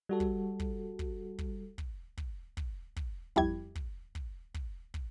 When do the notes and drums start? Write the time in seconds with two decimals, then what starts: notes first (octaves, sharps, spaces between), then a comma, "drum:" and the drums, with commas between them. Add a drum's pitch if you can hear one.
0.09 G3 F#4 A4
0.20 drum: kick
0.60 drum: kick
0.99 drum: kick
1.39 drum: kick
1.78 drum: kick
2.17 drum: kick
2.57 drum: kick
2.96 drum: kick
3.36 F2 G3 E4 G4 G#6, drum: kick
3.75 drum: kick
4.15 drum: kick
4.54 drum: kick
4.94 drum: kick